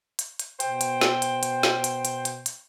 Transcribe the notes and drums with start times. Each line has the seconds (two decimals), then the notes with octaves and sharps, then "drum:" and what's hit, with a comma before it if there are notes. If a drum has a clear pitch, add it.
0.19 drum: hi-hat
0.39 drum: hi-hat
0.60 B2 C5 G5, drum: hi-hat
0.81 drum: hi-hat
1.01 drum: snare
1.22 drum: hi-hat
1.43 drum: hi-hat
1.63 drum: snare
1.84 drum: hi-hat
2.05 drum: hi-hat
2.25 drum: hi-hat
2.46 drum: hi-hat